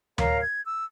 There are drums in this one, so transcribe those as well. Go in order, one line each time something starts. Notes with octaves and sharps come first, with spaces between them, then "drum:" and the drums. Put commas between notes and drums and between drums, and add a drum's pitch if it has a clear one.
A#4 C#5 F5 A#5, drum: tom D2
G#6
E6